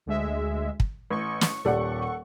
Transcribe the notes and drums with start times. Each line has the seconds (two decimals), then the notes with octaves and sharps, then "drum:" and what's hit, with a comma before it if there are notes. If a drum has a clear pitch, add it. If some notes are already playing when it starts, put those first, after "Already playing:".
0.06 D2 G#3 E5
0.80 drum: kick
1.10 A1 C#6
1.41 drum: snare
1.65 D#1 G4 A4 D5 F#5